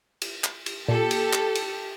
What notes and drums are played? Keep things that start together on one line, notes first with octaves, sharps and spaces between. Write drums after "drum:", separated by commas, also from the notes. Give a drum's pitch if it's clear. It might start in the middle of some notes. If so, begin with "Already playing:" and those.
drum: cymbal
drum: clap
drum: cymbal
A#2 G4 A4
drum: cymbal
drum: clap
drum: cymbal